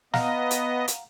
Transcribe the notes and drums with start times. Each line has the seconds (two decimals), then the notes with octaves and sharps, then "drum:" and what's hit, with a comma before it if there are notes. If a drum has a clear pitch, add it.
0.14 B3 D#5 F5 F#5 A#5, drum: snare
0.51 drum: hi-hat
0.88 drum: hi-hat